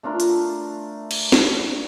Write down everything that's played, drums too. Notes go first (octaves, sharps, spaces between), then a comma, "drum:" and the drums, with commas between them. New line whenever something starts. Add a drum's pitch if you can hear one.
A3 D4 F4 A#4
drum: hi-hat
drum: cymbal
drum: snare